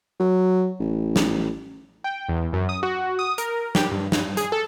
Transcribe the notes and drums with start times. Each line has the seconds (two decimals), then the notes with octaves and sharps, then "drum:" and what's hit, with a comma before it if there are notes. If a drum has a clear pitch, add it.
0.20 F#3
0.80 A1
1.16 drum: snare
2.04 G5
2.29 E2
2.53 F#2
2.69 D#6
2.83 F#4
3.19 D#6
3.38 A#4, drum: hi-hat
3.75 G4, drum: snare
3.92 G2
4.12 G2, drum: snare
4.37 G#4, drum: hi-hat
4.52 A4